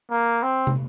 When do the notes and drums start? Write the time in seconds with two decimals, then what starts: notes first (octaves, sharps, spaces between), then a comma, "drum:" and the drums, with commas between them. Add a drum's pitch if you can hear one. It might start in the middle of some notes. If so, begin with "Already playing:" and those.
0.10 A#3
0.43 C4
0.67 drum: tom